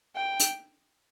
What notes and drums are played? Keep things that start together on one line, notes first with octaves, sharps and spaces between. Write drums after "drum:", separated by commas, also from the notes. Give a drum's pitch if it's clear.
G5
drum: hi-hat